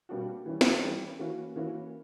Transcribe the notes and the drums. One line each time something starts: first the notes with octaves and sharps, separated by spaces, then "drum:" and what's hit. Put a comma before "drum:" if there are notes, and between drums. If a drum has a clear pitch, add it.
B2 G3 A#3 D4 F#4
E3 G3 C#4
drum: snare
E3 G3 C#4
E3 A#3 C#4 F#4
E3 A#3 C#4 F#4